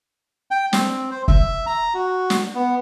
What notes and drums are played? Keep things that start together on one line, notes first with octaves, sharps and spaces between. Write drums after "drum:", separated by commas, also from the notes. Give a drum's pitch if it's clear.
G5
C4, drum: snare
C5
E5, drum: kick
A#5
F#4
drum: snare
B3